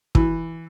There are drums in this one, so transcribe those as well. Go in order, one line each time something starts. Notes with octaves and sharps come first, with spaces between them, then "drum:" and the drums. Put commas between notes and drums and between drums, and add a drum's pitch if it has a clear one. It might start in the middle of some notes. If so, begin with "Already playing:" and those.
E3, drum: kick